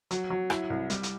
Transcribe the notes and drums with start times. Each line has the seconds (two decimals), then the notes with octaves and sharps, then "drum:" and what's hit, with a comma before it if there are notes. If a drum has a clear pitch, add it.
0.11 F#3, drum: hi-hat
0.30 F#3
0.50 E4, drum: rim click
0.70 C2
0.90 G3, drum: hi-hat
1.03 drum: hi-hat